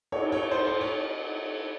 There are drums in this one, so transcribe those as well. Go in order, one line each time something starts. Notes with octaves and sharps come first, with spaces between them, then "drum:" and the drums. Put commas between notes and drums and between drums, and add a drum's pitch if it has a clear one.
C#5, drum: cymbal
C#5
C5
C5
C#5